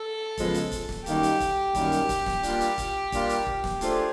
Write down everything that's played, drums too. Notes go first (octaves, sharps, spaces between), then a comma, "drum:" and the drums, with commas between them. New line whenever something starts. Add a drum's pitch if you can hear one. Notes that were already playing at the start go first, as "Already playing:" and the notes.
Already playing: A4
F#2 C#3 F3 G#3 B3, drum: kick, hi-hat
drum: hi-hat
drum: kick, hi-hat
drum: snare
F#2 D#3 G3 A#3 D#4 G4, drum: hi-hat
drum: hi-hat
drum: kick, hi-hat
F#2 D#3 G3 A#3 D#4, drum: kick, hi-hat
drum: hi-hat
drum: kick, hi-hat
drum: snare
G3 A#3 D4 F4, drum: hi-hat
drum: hi-hat
drum: kick, hi-hat
G3 A#3 D4 F4, drum: kick, hi-hat
drum: hi-hat
drum: kick
drum: snare
A3 D4 F4 G#4 A4 C5, drum: hi-hat